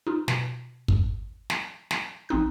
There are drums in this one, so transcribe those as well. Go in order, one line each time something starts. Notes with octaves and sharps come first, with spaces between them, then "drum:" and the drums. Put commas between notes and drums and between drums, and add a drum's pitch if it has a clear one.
D#4 F4
B2, drum: snare
drum: kick
drum: snare
drum: snare
A#1 C4 D#4 F#6